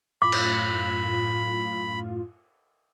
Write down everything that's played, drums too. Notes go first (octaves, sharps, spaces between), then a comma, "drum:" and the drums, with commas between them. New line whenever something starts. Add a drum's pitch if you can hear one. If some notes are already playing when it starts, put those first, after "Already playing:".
F#2 A2 F4 B5 D6
drum: cymbal